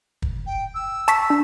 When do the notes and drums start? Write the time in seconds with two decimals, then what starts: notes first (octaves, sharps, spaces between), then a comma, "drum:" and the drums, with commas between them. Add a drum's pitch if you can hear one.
0.22 drum: kick
0.47 G5
0.75 E6
1.08 A5 C#6 B6, drum: hi-hat
1.30 D4